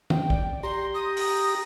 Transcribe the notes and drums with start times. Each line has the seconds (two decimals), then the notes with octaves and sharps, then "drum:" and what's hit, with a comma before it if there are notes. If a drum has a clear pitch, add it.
0.10 G5, drum: tom D#3
0.30 D5, drum: kick
0.63 G4 A#5 C6
0.94 D#6
1.17 drum: open hi-hat